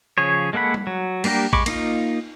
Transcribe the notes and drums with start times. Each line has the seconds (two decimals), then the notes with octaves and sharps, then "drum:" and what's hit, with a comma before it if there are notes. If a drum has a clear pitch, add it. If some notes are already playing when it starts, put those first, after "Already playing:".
0.18 C#3 F3 G#4 C#5
0.53 G#3 A#3 A4 F#5 B5
0.74 drum: tom G3
0.87 F#3
1.24 G3 A#3 D4 G4 A#4, drum: cymbal
1.53 G#3 B5 C#6 D6, drum: kick
1.66 A#3 D#4 F4, drum: cymbal